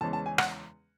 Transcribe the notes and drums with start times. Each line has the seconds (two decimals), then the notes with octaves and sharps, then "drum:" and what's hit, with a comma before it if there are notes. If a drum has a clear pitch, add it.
0.01 E2 C#3 E3 G#3 C#4 A5
0.13 A5
0.26 G#5
0.38 F#5, drum: rim click